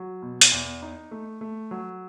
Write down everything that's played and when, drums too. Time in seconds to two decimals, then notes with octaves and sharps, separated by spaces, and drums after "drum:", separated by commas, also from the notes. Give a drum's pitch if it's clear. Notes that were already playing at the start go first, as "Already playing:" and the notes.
Already playing: F#3
0.22 B2
0.41 drum: hi-hat
0.52 E2
0.82 D#4
1.11 A3
1.41 A3
1.71 F#3